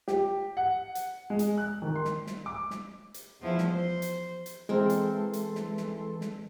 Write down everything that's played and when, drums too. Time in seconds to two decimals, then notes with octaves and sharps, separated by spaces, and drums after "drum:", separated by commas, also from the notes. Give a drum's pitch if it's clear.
0.08 G4, drum: snare
0.57 F#5
0.95 drum: hi-hat
1.30 G#3
1.39 drum: hi-hat
1.58 F#6
1.82 D#3
1.95 C6
2.05 drum: snare
2.27 drum: snare
2.46 D6
2.70 drum: snare
3.14 drum: hi-hat
3.41 E2 F3 E4
3.58 drum: snare
3.70 C5
4.02 drum: hi-hat
4.46 drum: hi-hat
4.69 E3 G#3 C4 A4 A#4 C6
4.90 drum: hi-hat
5.33 drum: hi-hat
5.55 drum: snare
5.77 drum: snare
6.21 drum: snare